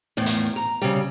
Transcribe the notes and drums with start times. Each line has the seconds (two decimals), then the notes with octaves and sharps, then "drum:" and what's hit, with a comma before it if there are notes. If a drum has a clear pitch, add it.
0.17 E2 A2 D#3
0.26 drum: hi-hat
0.56 A#5
0.82 C#3 G3